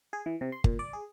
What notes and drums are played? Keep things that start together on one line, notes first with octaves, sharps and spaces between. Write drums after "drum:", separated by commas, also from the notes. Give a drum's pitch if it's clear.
G#4
E3
C3
C6
A#2, drum: kick G1
D5
G#4